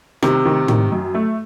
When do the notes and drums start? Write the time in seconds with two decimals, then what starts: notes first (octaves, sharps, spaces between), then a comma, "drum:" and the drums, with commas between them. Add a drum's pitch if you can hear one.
0.22 C3 D#3, drum: rim click
0.45 D#3
0.68 D#3, drum: tom
0.92 F#2
1.15 A3